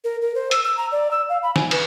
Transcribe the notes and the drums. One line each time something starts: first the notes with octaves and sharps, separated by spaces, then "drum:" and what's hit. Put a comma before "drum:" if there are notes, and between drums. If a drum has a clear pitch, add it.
A#4
A#4
C5
E6, drum: hi-hat
E6
A#5
D5
E6
F5
B5
G#5, drum: snare
B4, drum: cymbal